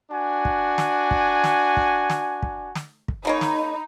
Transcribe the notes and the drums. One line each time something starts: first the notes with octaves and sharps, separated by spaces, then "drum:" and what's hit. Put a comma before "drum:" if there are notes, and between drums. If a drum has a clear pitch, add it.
D4 F#4 G#5
drum: kick
drum: snare
drum: kick
drum: snare
drum: kick
drum: snare
drum: kick
drum: snare
drum: kick
C#3 A#3 D#4 C#5 B5
drum: snare